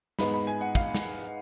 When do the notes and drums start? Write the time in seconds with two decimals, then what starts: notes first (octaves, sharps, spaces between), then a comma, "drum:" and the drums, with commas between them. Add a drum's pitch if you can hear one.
0.19 G#2 G#3 B3 B5, drum: snare
0.34 B5
0.47 G#5
0.61 F#5
0.75 F5, drum: kick, hi-hat
0.94 drum: snare
1.13 drum: hi-hat